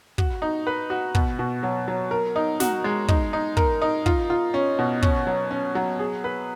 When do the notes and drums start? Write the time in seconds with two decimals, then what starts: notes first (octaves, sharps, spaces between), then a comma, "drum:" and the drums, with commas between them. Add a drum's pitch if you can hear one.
0.18 F#4, drum: kick
0.42 D#4
0.67 B4
0.90 F#4
1.15 B2, drum: kick
1.39 B2
1.63 F#3
1.88 F#3
2.11 A#4
2.36 D#4
2.60 F#4, drum: snare
2.84 G#3
3.08 D#4, drum: kick
3.33 D#4
3.57 A#4, drum: kick
3.82 D#4
4.06 F4, drum: kick
4.30 F4
4.54 C#4
4.79 B2
5.03 C#4, drum: kick
5.27 F#3
5.51 C#4
5.75 F#3
5.99 G#4
6.24 B4